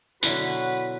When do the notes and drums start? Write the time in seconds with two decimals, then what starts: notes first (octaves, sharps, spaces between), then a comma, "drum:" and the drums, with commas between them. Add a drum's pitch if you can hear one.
0.23 B2 D3 F#3 E4 F#4 B4, drum: tambourine